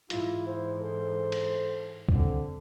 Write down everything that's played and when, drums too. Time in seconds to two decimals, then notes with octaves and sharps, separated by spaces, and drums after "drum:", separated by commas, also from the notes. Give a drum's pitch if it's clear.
0.10 G#2 E3 E4 F4, drum: hi-hat
0.47 C5
0.81 A4 C5
1.32 drum: cymbal
2.09 D3 C4, drum: kick C2